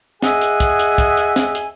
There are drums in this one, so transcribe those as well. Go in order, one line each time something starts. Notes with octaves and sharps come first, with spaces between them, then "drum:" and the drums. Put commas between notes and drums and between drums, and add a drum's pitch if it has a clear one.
G#4 D#5 E5 F#5 G#5, drum: snare
drum: hi-hat
drum: kick, hi-hat
drum: hi-hat
drum: kick, hi-hat
drum: hi-hat
drum: snare
drum: hi-hat